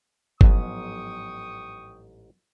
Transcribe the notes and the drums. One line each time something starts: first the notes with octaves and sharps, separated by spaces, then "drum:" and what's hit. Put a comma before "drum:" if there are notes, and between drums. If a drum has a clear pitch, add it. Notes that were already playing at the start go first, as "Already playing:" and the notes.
A1 G#2 F3 F#3 B3 G5 C#6 D#6, drum: kick G1